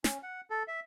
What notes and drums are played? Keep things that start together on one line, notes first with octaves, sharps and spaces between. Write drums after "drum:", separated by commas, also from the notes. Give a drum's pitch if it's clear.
C#4, drum: snare
F#5
A4
E5